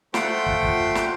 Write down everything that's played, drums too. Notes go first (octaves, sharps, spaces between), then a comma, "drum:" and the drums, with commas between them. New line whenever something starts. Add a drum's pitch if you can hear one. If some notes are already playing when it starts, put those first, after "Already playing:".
A3 F4 C5 F#5 G5, drum: snare
drum: kick
drum: kick
drum: snare